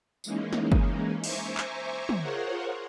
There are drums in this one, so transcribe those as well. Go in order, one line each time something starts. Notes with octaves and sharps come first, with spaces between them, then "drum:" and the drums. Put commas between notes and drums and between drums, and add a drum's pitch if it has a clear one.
E3 G#3 A#3 C#4 D#4, drum: tambourine
drum: snare
drum: kick
C5 E5 G#5 A#5 C#6 D6, drum: open hi-hat
drum: clap
drum: tom
F4 G#4 A#4 C5 C#5 F#5